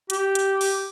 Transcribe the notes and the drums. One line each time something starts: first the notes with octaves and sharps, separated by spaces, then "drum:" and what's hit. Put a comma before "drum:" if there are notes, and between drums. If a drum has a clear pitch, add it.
G4, drum: hi-hat
drum: hi-hat
drum: open hi-hat